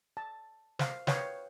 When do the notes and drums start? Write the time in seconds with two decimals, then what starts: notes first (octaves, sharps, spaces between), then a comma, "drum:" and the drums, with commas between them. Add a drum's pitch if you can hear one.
0.17 A5
0.79 C5 F5, drum: snare
1.07 B4 C#5 F5 G5 D#6, drum: snare